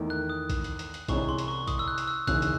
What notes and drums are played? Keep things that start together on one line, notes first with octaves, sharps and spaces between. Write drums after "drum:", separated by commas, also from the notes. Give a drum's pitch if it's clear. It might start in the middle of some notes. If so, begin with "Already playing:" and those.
Already playing: E2 D#3 A3
F#6
D#6
drum: kick, hi-hat
drum: hi-hat
drum: hi-hat
drum: hi-hat
C2 C3 E3 G#3 C#4 C#6, drum: kick, hi-hat
C6
drum: hi-hat
C#6
D#6, drum: kick, hi-hat
E6
F#6
drum: hi-hat
E6
E1 D#2 C#3 E3 F#6, drum: kick, hi-hat
drum: hi-hat